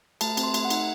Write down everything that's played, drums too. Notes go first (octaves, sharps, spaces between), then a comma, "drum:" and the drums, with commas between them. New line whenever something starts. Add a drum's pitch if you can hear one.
A3 A5, drum: cymbal
C4, drum: cymbal
C6
A3, drum: cymbal
F#5
D#4, drum: cymbal